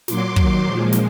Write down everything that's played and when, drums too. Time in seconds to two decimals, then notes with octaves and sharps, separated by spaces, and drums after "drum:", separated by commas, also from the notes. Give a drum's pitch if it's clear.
0.08 A#2 F#3 C6 D6, drum: snare
0.36 D#2 D#3 F#3, drum: kick
0.65 A#2 F3 G#3
0.93 drum: snare